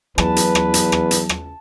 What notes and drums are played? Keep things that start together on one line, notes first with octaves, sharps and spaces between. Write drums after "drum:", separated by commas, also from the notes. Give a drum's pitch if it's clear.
E2 F#3 B4 A5, drum: rim click
drum: hi-hat
drum: rim click
drum: hi-hat
drum: rim click
drum: hi-hat
drum: rim click